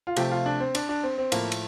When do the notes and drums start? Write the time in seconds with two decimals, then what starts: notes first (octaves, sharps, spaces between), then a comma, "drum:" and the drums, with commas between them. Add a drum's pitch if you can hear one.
0.07 F4
0.17 C3 F3 A3 G4, drum: cymbal
0.31 F4
0.46 D4
0.60 C4
0.75 D4, drum: cymbal
0.89 D4
1.03 C4
1.18 C4
1.32 A2 F3 A3 A#3, drum: cymbal
1.52 drum: cymbal